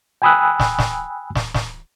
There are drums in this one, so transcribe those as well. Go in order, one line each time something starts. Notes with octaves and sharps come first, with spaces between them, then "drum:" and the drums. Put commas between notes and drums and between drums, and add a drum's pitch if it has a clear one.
G5 G#5 B5 D#6 E6 F#6
drum: snare
drum: snare
drum: snare
drum: snare